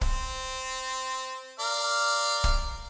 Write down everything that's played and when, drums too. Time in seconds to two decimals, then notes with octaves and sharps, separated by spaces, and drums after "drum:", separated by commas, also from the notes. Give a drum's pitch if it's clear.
0.01 C4, drum: kick
1.60 A#4 D5 F5
2.44 drum: kick